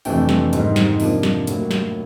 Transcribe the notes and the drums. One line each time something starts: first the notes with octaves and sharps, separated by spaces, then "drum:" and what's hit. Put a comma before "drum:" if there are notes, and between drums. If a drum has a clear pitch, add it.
F2 C3 E3 A3 D4 G5, drum: open hi-hat
drum: snare
G#2 D#3 G3 C4 D#4, drum: hi-hat
drum: snare
C3 F3 A#3 D4, drum: open hi-hat
drum: snare
A2 F#3 A#3, drum: hi-hat
drum: snare